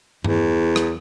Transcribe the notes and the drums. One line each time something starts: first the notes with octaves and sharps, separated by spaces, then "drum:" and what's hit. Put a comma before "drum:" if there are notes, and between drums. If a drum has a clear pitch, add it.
E2, drum: tom G2
drum: rim click